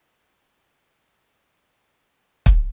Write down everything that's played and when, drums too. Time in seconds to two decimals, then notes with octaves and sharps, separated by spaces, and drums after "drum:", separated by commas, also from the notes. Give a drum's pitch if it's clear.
0.11 E5 G#5 A5 C#6 D#6 E6
0.47 A4 G#5 A#5 C#6 D#6
1.12 A#2 D3 E3 F3
1.40 B3 D5
2.46 drum: kick